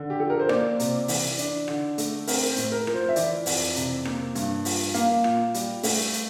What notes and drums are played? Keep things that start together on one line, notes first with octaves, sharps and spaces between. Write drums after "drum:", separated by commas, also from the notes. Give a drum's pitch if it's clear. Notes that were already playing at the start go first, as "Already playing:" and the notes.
Already playing: D3
G4
F3 A4
A#4
C5
A#3 D5, drum: rim click
C3, drum: hi-hat
E3, drum: open hi-hat
D4, drum: hi-hat
D3, drum: rim click
A3, drum: hi-hat
C4 A#4, drum: open hi-hat
C5
A2, drum: hi-hat
A#4
F3, drum: rim click
C5
E5
E3 D5, drum: hi-hat
F2, drum: open hi-hat
C3, drum: hi-hat
A#3, drum: rim click
G2, drum: hi-hat
F3, drum: open hi-hat
A#3 F5, drum: hi-hat
A#2, drum: rim click
G3, drum: hi-hat
A3, drum: open hi-hat
drum: hi-hat